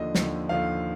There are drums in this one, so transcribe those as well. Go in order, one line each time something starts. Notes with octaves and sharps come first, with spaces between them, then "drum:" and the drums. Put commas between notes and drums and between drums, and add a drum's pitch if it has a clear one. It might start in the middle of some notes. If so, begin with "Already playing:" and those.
Already playing: D#2 D3 F3 D#5
D#2 D3 F3, drum: snare
D#2 D3 F3 F5